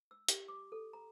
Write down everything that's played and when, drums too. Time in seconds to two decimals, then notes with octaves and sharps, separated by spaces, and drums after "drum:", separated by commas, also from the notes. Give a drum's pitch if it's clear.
0.11 E6
0.28 G4, drum: hi-hat
0.48 D6
0.72 A4
0.93 A#5